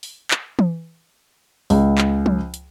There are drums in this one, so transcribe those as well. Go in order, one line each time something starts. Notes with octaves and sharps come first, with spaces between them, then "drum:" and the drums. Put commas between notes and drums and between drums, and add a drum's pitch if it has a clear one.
drum: open hi-hat
drum: clap
drum: tom E3
C#2, drum: open hi-hat
drum: clap
drum: tom F3
drum: hi-hat